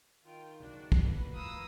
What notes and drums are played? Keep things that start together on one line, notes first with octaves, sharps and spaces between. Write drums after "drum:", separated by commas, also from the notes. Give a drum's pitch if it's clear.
D#3 F4 G5
B1 C#3 D4 F#4
drum: kick
F2 A3 A#3 F#4 B4
E4 F5 A#5 D#6 E6